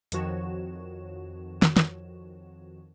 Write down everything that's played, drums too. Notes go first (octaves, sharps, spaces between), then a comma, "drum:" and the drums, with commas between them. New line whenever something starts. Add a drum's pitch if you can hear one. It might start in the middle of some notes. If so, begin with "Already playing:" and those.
F2 D#3 F3 F#4 C#5 E7, drum: hi-hat
drum: snare
drum: snare